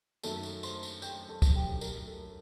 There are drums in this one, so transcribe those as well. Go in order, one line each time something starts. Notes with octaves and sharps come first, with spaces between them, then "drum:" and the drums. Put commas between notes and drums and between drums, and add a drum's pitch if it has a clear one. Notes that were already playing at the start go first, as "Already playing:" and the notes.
F#2 D#3 F#3 A3 A4 A5, drum: tambourine
drum: tambourine
C5 C6, drum: tambourine
drum: tambourine
G5 G6, drum: tambourine
A4 A5
drum: kick, tambourine
G4 G5
A#4, drum: tambourine
A4